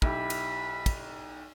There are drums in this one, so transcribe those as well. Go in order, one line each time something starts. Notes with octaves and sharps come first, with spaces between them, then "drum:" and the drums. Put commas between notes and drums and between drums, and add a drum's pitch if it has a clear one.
B1 E4 G4 B5, drum: kick
drum: cymbal
drum: kick, cymbal